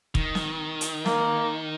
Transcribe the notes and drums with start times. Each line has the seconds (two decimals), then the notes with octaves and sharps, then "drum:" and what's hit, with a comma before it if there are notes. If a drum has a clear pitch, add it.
0.15 D#3, drum: kick
0.35 drum: snare
0.81 drum: hi-hat
1.06 A#3, drum: snare